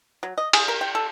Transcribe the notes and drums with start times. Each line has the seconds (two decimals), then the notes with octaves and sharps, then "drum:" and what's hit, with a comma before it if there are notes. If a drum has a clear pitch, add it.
0.23 F#3
0.38 D#5
0.53 G#4, drum: cymbal
0.68 A#4
0.81 G5
0.95 A4